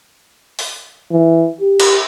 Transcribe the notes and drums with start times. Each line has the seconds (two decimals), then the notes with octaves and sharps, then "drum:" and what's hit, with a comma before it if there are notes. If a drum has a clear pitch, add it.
0.59 drum: open hi-hat
1.12 E3
1.60 G4
1.80 drum: cymbal